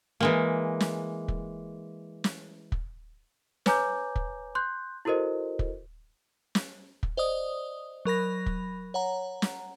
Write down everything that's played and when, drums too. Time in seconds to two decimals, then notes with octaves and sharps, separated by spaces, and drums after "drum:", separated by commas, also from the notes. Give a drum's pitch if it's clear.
0.20 E3 G#3 A#3
0.80 drum: snare
1.28 drum: kick
2.24 drum: snare
2.72 drum: kick
3.66 B4 C#5 G#5 A#5 D6 G6, drum: snare
4.16 drum: kick
4.55 C6 F#6 G6
5.05 E4 F#4 A4 A#4 C5 D#5
5.59 drum: kick
6.55 drum: snare
7.03 drum: kick
7.17 C5 D5 D#5 D#6
8.05 F#3 A#4 B5 A#6
8.46 drum: kick
8.94 C#5 F#5 A#5
9.42 drum: snare